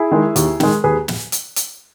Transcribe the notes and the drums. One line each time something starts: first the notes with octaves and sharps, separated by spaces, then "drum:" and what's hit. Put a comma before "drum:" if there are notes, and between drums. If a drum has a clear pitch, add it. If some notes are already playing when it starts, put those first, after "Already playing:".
Already playing: E4 G#4
D#3 G#3
D#2, drum: hi-hat
D#3 G#3, drum: snare
D#2 G#4 B4
drum: snare
drum: hi-hat
drum: hi-hat